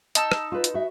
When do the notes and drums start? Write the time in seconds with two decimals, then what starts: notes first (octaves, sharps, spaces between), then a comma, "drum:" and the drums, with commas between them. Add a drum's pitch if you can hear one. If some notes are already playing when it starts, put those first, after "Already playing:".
0.15 D#4 A5 E6, drum: hi-hat
0.32 drum: rim click
0.52 F4 B4
0.64 drum: hi-hat
0.74 F#4 E5